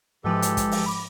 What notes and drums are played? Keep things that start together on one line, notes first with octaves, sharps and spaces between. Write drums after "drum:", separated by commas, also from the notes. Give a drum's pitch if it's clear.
G#2 E3 F3 G#3 G4 A4
drum: hi-hat
drum: kick, hi-hat
drum: open hi-hat
B5 D6